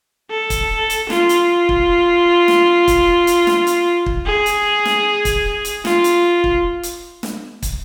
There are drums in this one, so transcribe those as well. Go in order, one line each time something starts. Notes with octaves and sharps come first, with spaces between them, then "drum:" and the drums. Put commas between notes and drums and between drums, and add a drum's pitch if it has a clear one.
A4
drum: kick, hi-hat
drum: hi-hat
F4, drum: snare
drum: hi-hat
drum: kick
drum: snare
drum: kick, hi-hat
drum: hi-hat
drum: snare
drum: hi-hat
drum: kick
G#4
drum: hi-hat
drum: snare
drum: kick, hi-hat
drum: hi-hat
F4, drum: snare
drum: hi-hat
drum: kick
drum: hi-hat
drum: snare
drum: kick, hi-hat